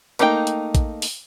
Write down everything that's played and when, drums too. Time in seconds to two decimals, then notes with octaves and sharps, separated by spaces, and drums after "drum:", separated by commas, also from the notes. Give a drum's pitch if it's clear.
0.19 A3 A#3 D4 D#4 G5, drum: hi-hat
0.47 drum: hi-hat
0.75 drum: kick, hi-hat
1.02 drum: open hi-hat